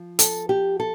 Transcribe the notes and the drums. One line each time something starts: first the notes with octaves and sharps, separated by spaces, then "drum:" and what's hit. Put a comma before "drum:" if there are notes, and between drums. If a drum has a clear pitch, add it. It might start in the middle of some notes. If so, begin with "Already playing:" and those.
Already playing: F3
A4, drum: hi-hat
G4
A4